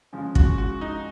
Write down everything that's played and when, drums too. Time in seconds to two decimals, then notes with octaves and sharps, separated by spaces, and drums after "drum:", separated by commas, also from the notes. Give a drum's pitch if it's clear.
0.13 C#3 F3 G#3
0.35 F#4, drum: kick
0.58 F#4
0.81 D#4